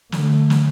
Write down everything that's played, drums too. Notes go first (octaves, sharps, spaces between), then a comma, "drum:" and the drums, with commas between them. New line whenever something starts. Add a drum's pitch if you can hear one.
D3 F#3 A3, drum: snare
drum: snare